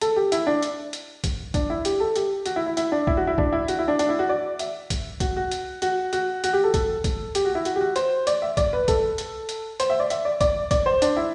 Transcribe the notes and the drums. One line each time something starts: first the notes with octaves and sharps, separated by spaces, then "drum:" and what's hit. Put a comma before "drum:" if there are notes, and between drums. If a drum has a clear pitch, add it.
A4, drum: hi-hat
G4
E4, drum: hi-hat
D4
drum: hi-hat
drum: hi-hat
drum: kick, hi-hat
D4, drum: kick, hi-hat
E4
G4, drum: hi-hat
A4
G4, drum: hi-hat
F#4, drum: hi-hat
E4
E4
E4, drum: hi-hat
D4
E4, drum: kick
F#4
E4
D4, drum: kick
E4
F#4, drum: hi-hat
E4
D4
D4, drum: hi-hat
E4
F#4
D5
E5, drum: hi-hat
drum: kick, hi-hat
F#4, drum: kick, hi-hat
F#4
drum: hi-hat
F#4, drum: hi-hat
F#4, drum: hi-hat
F#4, drum: hi-hat
G4
A4
A4, drum: kick, hi-hat
drum: kick, hi-hat
G4, drum: hi-hat
F#4
E4
F#4, drum: hi-hat
G4
F#4
C5, drum: hi-hat
D5, drum: hi-hat
E5
D5, drum: kick, hi-hat
B4
A4, drum: kick, hi-hat
drum: hi-hat
drum: hi-hat
C5, drum: hi-hat
E5
D5
E5, drum: hi-hat
D5
D5, drum: kick, hi-hat
D5, drum: kick, hi-hat
C5
D4, drum: hi-hat
E4